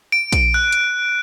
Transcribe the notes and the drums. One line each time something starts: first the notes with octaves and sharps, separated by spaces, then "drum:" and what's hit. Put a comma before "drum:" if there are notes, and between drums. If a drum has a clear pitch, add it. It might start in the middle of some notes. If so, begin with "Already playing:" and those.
D7
drum: kick A#1, hi-hat
F#6
drum: hi-hat